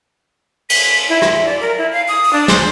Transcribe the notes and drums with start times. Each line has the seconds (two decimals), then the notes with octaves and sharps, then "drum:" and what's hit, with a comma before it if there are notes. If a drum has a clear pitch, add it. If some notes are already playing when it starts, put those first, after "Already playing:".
0.70 B6, drum: cymbal
1.09 E4
1.22 E5, drum: rim click
1.45 D5
1.61 A#4
1.78 E4
1.93 F5
2.08 D#6
2.24 drum: open hi-hat
2.33 D4
2.48 C5, drum: snare